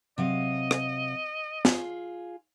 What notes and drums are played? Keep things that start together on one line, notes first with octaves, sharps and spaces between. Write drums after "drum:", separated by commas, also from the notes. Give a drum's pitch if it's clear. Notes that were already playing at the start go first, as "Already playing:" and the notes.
C3 F#3 D#5 F5
drum: rim click
F4 G#4, drum: snare